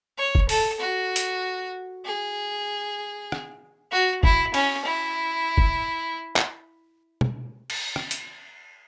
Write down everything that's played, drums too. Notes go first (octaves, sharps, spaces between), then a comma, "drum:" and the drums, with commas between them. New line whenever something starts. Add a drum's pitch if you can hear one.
C#5
drum: kick
A4, drum: open hi-hat
F#4
drum: hi-hat
G#4
drum: rim click
F#4
E4, drum: kick
C#4, drum: cymbal
E4
drum: kick
drum: clap
drum: tom
drum: cymbal
drum: rim click
drum: hi-hat